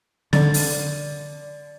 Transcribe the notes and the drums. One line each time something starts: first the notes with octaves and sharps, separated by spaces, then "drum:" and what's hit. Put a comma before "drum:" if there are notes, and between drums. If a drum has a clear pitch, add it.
D3 D5 A6, drum: snare
drum: open hi-hat